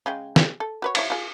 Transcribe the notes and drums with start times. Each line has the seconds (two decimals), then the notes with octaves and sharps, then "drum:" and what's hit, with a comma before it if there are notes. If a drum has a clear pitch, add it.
0.06 C#3 G#3 G5
0.36 G4 G#4, drum: snare
0.60 A4
0.82 F#4 B4 C#5
0.95 F3 E4 C#5, drum: cymbal
1.10 F4 G#4